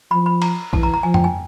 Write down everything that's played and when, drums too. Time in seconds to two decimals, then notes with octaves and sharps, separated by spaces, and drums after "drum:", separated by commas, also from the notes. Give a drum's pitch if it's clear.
0.11 F3 B5
0.26 B5
0.42 A#5, drum: cymbal
0.73 E3 A5, drum: kick B1
0.83 A#5
0.94 A#5
1.03 F3 G#5
1.14 G5, drum: tom F2
1.24 G#5